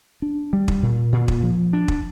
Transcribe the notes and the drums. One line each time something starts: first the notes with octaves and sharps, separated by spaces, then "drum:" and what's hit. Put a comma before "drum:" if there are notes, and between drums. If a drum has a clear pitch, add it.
D4
G3
drum: kick
A#2
A#2
drum: kick
F3
D4
drum: kick